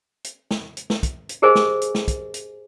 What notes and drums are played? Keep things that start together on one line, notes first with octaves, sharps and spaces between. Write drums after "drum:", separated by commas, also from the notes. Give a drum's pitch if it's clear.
drum: hi-hat
drum: snare
drum: hi-hat
drum: snare
drum: kick, hi-hat
drum: hi-hat
G4 G#4 A#4 C5 D#5 G#5
drum: snare
drum: hi-hat
drum: snare
drum: kick, hi-hat
drum: hi-hat